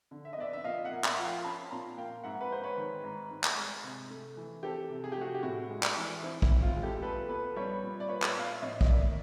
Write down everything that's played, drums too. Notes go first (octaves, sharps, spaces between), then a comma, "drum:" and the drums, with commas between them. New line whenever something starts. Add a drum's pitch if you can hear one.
D3
E5
D#5
B3 D5 E5
E5
A#2 D#5 F5
E5 F#5
A#3
E5 F#5, drum: clap
F3
F5 G5
C#4 A5 B5
A#2 A#5 C6
A#3 F5 G5
G#2 E5 F#5
B4
G#3 C5
B4 C#5
D#3
G#2
G#2
drum: clap
G#3
C3
A3
E3
C4 G4 A4
C3
G#4
G4
A3 F#4 G#4
G4
A2 E4 F#4
G#3
drum: clap
E3
C4 E4
E4, drum: kick
A2
F4
G#3
G4 A4
A#2 A4 B4
B3 A4 B4
G3 B4 C#5
A#2
D5
A#2 B4 C#5
drum: clap
B3 F5
E5
A2 C#5 D#5
D#5, drum: kick
A#3 D5 E5